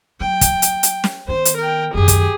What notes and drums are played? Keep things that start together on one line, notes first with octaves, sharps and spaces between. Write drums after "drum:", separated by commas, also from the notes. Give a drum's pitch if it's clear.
F#3 G5
drum: kick, hi-hat
drum: hi-hat
drum: hi-hat
drum: snare
D#3 B3 C5
drum: hi-hat
A#4 G5
F#2 D#3 G4 G#4
drum: kick, hi-hat